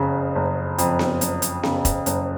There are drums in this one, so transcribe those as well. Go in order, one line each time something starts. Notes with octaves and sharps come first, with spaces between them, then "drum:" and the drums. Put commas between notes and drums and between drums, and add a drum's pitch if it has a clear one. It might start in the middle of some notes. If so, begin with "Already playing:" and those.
Already playing: F#1 F2 C#3
F#1
F2, drum: hi-hat
drum: snare B3
F#1, drum: hi-hat
drum: hi-hat
C#3, drum: snare B3
drum: kick E1, hi-hat
F#1, drum: hi-hat